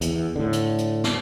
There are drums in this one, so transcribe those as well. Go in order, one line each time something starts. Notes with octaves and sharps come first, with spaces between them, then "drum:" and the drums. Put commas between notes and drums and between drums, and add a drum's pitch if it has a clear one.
E2, drum: hi-hat
A2 D3
drum: hi-hat
drum: hi-hat
drum: snare